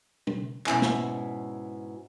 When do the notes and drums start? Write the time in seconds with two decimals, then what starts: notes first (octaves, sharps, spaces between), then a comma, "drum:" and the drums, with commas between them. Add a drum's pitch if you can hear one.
0.27 drum: tom
0.67 G#2 B2 C#4 E4 G#5, drum: clap
0.82 drum: snare